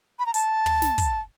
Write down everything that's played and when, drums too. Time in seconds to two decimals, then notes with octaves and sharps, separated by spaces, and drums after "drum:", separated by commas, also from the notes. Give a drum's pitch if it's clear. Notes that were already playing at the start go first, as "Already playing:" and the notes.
0.19 B5
0.26 A#5
0.34 A5, drum: hi-hat
0.66 drum: tom
0.82 drum: snare
0.98 drum: kick, hi-hat